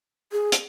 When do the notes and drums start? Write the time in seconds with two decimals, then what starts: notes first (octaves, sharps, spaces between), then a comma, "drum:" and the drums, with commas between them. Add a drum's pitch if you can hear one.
0.32 G#4
0.52 drum: hi-hat